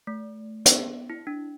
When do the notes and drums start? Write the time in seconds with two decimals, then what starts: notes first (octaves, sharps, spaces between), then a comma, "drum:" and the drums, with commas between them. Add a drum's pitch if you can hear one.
0.07 A3
0.66 B3, drum: hi-hat
1.10 E4
1.27 D4